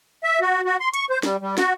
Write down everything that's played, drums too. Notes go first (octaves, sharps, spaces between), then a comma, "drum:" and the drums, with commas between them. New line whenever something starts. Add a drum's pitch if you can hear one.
E5
F#4
F#4
C6
C#6, drum: hi-hat
C5
G3, drum: snare
G3
F#4, drum: snare